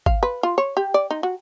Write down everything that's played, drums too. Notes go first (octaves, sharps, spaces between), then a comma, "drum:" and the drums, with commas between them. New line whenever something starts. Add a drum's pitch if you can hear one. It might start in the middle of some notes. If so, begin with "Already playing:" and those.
F5, drum: kick G#1
B4
F4
C#5
G4
D5
D#4
F#4